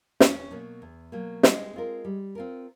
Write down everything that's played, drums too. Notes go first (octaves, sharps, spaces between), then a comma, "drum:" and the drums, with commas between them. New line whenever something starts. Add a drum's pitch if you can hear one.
E2 C#4, drum: snare
B2 F#3 A#3
E2
B2 F#3 A#3
G3 G#3, drum: snare
C4 F4 A#4
G3
C4 F4 A#4